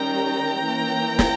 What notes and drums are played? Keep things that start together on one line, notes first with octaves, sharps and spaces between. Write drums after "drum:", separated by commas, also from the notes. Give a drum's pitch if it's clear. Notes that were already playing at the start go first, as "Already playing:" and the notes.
Already playing: D#3 G3 C#4 G5 A#5
E3 A#3 C#4
drum: snare